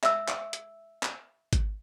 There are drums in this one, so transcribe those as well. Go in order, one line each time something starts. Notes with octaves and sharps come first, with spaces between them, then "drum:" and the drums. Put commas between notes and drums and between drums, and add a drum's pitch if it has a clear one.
E5 E6, drum: clap
drum: clap
drum: hi-hat
drum: clap
drum: kick G#1, hi-hat